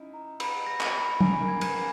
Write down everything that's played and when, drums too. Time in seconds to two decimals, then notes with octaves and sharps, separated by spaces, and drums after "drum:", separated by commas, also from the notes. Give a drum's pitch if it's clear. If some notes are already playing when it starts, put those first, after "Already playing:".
Already playing: C#4 D#4 E4
0.14 A#5
0.40 B5, drum: cymbal
0.66 A#6
0.81 drum: clap
0.93 B5
1.21 C#4 G#5, drum: tom
1.41 A#3
1.48 G#6
1.61 drum: cymbal
1.75 A#3 G#5